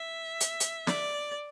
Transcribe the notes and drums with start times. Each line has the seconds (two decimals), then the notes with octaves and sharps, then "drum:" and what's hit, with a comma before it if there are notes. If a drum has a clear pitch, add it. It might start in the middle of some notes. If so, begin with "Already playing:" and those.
Already playing: E5
0.41 drum: hi-hat
0.60 drum: hi-hat
0.87 D5, drum: snare